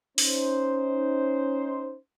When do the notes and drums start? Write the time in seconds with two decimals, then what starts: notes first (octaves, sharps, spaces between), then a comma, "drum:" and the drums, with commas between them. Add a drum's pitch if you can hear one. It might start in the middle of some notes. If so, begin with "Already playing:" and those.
0.18 C#4 D#4 C5, drum: open hi-hat